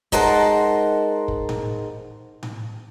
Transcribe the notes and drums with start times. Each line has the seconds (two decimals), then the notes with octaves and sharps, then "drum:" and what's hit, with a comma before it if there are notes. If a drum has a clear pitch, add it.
0.12 G#3 D#4 A#4 C5 F#5 A5, drum: kick
1.28 drum: kick
1.49 drum: tom A2
2.43 drum: tom A2